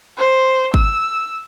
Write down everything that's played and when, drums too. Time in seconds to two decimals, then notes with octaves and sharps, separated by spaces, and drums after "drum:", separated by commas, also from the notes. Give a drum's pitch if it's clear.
0.18 C5
0.74 E6, drum: kick